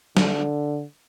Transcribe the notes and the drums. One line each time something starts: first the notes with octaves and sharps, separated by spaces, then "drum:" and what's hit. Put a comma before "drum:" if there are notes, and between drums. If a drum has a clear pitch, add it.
D3, drum: snare